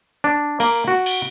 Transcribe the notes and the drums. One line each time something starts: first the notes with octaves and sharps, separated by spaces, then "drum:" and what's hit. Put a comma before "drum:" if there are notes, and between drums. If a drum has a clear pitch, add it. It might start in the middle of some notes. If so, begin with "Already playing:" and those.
D4
A#3, drum: cymbal
F#4
drum: cymbal